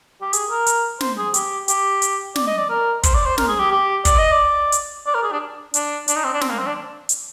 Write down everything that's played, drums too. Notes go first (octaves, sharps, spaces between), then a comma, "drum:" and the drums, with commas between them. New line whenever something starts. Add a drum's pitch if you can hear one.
G4
G#4, drum: hi-hat
A#4
drum: hi-hat
C5, drum: snare
G#4
G4, drum: hi-hat
G4, drum: hi-hat
drum: hi-hat
D5, drum: snare
D#5
D5
A#4
C5, drum: kick, hi-hat
D5
C5
A#4, drum: snare
G#4
G4
G4
D5, drum: kick, hi-hat
D#5
D5
drum: hi-hat
D5
A#4
G#4
D4
D4, drum: hi-hat
D4, drum: hi-hat
D#4
C4
D4
C4, drum: snare
A#3
C4
D4
drum: hi-hat